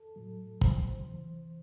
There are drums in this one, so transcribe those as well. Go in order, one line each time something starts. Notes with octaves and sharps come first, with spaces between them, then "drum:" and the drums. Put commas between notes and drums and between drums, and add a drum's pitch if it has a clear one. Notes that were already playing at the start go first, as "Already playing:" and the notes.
Already playing: A4
A2 F#3
C#3 F#3 C5, drum: kick
C3 E3